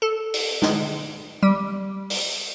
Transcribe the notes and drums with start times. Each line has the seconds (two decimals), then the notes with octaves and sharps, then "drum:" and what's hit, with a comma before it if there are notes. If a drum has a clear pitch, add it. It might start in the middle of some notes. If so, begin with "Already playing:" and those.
0.02 A4
0.34 drum: open hi-hat
0.62 drum: snare
1.43 G3
2.10 drum: open hi-hat